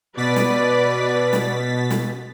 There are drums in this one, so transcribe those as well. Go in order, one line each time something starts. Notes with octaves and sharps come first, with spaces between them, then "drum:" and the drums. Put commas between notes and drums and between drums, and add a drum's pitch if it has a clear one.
B2 B4 D5 A6 B6
drum: snare
drum: snare
drum: snare